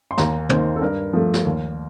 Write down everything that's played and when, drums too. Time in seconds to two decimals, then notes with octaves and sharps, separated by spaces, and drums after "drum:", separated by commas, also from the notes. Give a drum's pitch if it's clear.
0.11 C6
0.18 D#2 A#5, drum: snare
0.49 D#3 A#3 C5, drum: tom
0.76 A4
0.81 G2 A#4
1.13 F3 A3
1.34 drum: snare
1.45 D#2